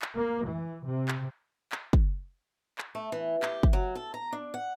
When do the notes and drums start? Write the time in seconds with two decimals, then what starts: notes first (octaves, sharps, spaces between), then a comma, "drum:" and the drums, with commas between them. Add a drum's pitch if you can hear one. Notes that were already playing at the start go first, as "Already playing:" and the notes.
0.02 drum: clap
0.15 A#3
0.44 E3
0.85 C3
1.08 drum: clap
1.72 drum: clap
1.93 drum: kick
2.78 drum: clap
2.95 A3
3.12 E3
3.42 G4, drum: clap
3.63 drum: kick
3.73 F#3
3.95 A4
4.14 A#5
4.33 D4
4.54 F#5